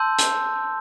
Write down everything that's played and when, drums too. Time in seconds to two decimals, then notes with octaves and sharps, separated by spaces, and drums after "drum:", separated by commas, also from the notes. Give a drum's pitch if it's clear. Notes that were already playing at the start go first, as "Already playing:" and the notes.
Already playing: A5 C6 E6 G6
0.19 drum: hi-hat